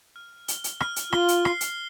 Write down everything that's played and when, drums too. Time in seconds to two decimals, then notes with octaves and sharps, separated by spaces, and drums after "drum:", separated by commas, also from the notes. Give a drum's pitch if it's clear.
0.16 F6
0.48 G7, drum: hi-hat
0.64 drum: hi-hat
0.81 F6, drum: rim click
0.96 drum: hi-hat
1.13 F4 G7, drum: rim click
1.28 drum: hi-hat
1.45 C7, drum: rim click
1.61 drum: hi-hat